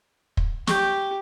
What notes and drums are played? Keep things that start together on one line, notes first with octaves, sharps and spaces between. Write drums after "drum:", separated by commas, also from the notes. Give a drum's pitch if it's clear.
drum: kick
G4 C#6 G6, drum: snare